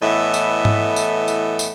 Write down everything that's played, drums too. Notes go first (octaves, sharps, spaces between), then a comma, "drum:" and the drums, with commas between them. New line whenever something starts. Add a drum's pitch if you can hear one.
A2 E3 B3 A4 D#5 E5
drum: tambourine
drum: tom G#2
drum: tambourine
drum: tambourine
drum: tambourine